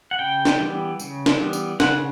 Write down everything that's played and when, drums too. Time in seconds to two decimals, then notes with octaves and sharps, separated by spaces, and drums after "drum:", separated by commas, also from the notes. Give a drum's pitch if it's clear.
0.11 F#5
0.19 C#3 G5
0.45 drum: snare
0.59 E3 G3 B3
1.00 C#3, drum: tambourine
1.26 drum: snare
1.40 E3 G3 B3
1.53 drum: tambourine
1.80 C#3 F#5, drum: snare